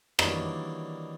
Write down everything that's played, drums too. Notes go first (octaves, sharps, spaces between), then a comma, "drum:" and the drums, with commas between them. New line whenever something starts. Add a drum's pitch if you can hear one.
D#3 E3 F#3 G3 A#3 D4, drum: rim click